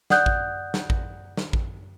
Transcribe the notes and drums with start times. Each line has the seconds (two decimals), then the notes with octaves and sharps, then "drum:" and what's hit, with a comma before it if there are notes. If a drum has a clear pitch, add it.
0.10 D5 F#5 D#6 F#6 G6, drum: snare
0.26 drum: kick A1
0.74 drum: snare
0.90 drum: kick A1
1.37 drum: snare
1.53 drum: kick A1